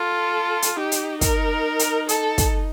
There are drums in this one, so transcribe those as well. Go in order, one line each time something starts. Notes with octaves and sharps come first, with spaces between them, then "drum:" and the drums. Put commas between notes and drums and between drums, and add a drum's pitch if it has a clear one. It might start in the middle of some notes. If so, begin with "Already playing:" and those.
Already playing: F4 A4
drum: hi-hat
D#4 G4
drum: hi-hat
A#4, drum: kick, hi-hat
drum: hi-hat
A4, drum: hi-hat
drum: kick, hi-hat